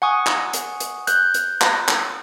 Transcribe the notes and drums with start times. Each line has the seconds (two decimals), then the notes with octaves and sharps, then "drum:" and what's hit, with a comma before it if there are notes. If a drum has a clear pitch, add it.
0.02 F#5 G#5 C#6 D#6
0.26 drum: clap
0.53 drum: hi-hat
0.80 drum: hi-hat
1.07 F#6 G6, drum: hi-hat
1.34 drum: hi-hat
1.61 drum: clap
1.88 drum: clap